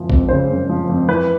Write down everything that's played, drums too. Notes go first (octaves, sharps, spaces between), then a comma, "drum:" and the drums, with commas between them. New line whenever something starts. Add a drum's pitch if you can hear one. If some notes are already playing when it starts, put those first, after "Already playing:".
Already playing: F#1 F3
F2, drum: kick A#1
C#3 C5
F#1
F3
F2
E3 B4